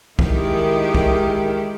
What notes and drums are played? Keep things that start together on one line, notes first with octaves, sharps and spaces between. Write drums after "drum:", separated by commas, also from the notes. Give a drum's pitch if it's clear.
D#3 G#3 E4 G4, drum: kick
drum: kick